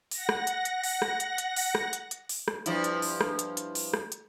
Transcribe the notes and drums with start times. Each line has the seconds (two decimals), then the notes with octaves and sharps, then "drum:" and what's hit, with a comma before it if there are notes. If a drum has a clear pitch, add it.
0.11 F#5 A#6, drum: open hi-hat
0.29 drum: rim click
0.47 drum: hi-hat
0.65 drum: hi-hat
0.84 drum: open hi-hat
1.02 drum: rim click
1.20 drum: hi-hat
1.38 drum: hi-hat
1.56 drum: open hi-hat
1.75 drum: rim click
1.93 drum: hi-hat
2.11 drum: hi-hat
2.29 drum: open hi-hat
2.48 drum: rim click
2.66 G2 F3 E4, drum: hi-hat
2.84 drum: hi-hat
3.02 drum: open hi-hat
3.21 drum: rim click
3.39 drum: hi-hat
3.57 drum: hi-hat
3.75 drum: open hi-hat
3.94 drum: rim click
4.12 drum: hi-hat